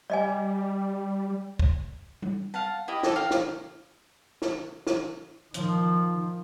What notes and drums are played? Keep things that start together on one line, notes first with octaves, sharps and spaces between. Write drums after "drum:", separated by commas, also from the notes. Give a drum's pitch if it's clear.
G3 D5 D#5 G#5
drum: kick
drum: tom G3
F5 F#5 A5
E4 G4 D#5
A4 D5, drum: snare
F5 G5 A#5
drum: snare
drum: snare
drum: snare
D#3 F3, drum: hi-hat